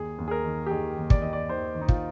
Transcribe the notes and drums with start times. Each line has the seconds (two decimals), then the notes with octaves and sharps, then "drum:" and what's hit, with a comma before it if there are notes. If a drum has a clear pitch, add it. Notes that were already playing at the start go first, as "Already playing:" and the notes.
Already playing: D#2 G#4
0.18 D#2
0.28 G#4
0.31 A#4
0.45 D#3
0.67 G4
0.71 D#3 G#4
0.97 D#2
1.10 D5, drum: kick
1.22 D#2 D#5
1.33 D5
1.49 D#3 C5
1.75 D#3
1.81 D#4
1.88 F4, drum: kick